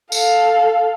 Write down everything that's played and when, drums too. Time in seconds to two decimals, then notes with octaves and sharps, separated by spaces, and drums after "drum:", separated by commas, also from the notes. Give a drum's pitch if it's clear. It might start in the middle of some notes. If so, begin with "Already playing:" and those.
0.12 A4 F5, drum: tambourine